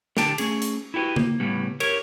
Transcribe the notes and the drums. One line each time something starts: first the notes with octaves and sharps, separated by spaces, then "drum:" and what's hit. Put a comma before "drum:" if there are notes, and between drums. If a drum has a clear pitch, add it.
D3 G4 G5 A5, drum: snare
A3 C#4 G#4, drum: cymbal
drum: hi-hat
E4 F#4 G4 A4 B4
A#3, drum: tom C#3
A2 C#3 G3 B3
G4 A#4 C#5, drum: cymbal